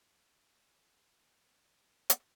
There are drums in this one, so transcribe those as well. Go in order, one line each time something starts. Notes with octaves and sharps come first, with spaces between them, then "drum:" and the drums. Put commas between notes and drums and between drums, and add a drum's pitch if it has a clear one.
G#5
G5
F5
drum: hi-hat